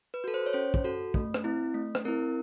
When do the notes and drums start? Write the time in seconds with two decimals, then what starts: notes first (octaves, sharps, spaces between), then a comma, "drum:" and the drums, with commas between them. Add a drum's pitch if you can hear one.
0.14 B4
0.24 F#4 A4
0.34 C5
0.46 C#5
0.53 C#4 C5
0.74 drum: kick
0.84 F#4 A4
1.14 A3, drum: kick
1.34 drum: rim click
1.44 C4 E4
1.74 A3
1.95 drum: rim click
2.05 C4 E4 A#4